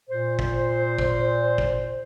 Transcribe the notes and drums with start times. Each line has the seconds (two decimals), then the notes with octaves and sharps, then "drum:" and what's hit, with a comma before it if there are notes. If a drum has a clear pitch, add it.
0.09 A#2 C5
0.39 drum: kick
0.99 drum: kick
1.58 drum: kick